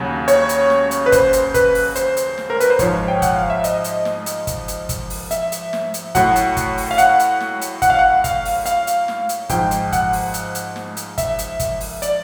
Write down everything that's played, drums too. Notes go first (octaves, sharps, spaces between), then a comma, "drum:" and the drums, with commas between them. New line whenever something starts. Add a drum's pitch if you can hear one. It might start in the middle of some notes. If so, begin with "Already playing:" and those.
Already playing: D#2 C#3 F#3
C#5, drum: hi-hat
drum: hi-hat
drum: snare
drum: hi-hat
B4
C5, drum: kick, hi-hat
drum: hi-hat
B4, drum: kick, hi-hat
drum: open hi-hat
C5, drum: hi-hat
drum: hi-hat
drum: snare
A#4
B4, drum: hi-hat
C5
G#2 F3 C#5, drum: kick, hi-hat
G5
F#5, drum: kick, hi-hat
F5
E5
D#5, drum: hi-hat
drum: hi-hat
drum: snare
drum: hi-hat
drum: kick, hi-hat
drum: hi-hat
drum: kick, hi-hat
drum: open hi-hat
E5, drum: hi-hat
drum: hi-hat
drum: snare
drum: hi-hat
A2 F#3 F#5, drum: kick, hi-hat
drum: hi-hat
drum: kick, hi-hat
drum: open hi-hat
F5
F#5, drum: hi-hat
drum: hi-hat
drum: snare
drum: hi-hat
F#5, drum: kick, hi-hat
F5
F#5
F5, drum: kick, hi-hat
drum: open hi-hat
F5, drum: hi-hat
drum: hi-hat
drum: snare
drum: hi-hat
G#2 F3 G5, drum: kick, hi-hat
drum: hi-hat
F#5, drum: kick, hi-hat
drum: open hi-hat
drum: hi-hat
drum: hi-hat
drum: snare
drum: hi-hat
E5, drum: kick, hi-hat
drum: hi-hat
drum: kick, hi-hat
drum: open hi-hat
D5, drum: hi-hat